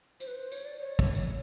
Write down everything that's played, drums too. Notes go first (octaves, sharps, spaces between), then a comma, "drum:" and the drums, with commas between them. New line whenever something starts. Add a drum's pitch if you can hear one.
C5, drum: tambourine
B4
C5
C#5, drum: tambourine
D5
C#5
drum: kick
C#5, drum: tambourine